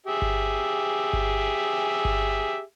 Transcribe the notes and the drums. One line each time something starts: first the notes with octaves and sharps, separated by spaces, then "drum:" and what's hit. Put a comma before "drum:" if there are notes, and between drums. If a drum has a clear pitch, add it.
G4 G#4 E5
drum: kick G1
drum: kick G1
drum: kick G1